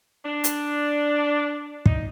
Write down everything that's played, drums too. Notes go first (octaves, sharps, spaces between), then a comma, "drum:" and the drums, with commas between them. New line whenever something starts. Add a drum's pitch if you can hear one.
D4
drum: hi-hat
D#4, drum: kick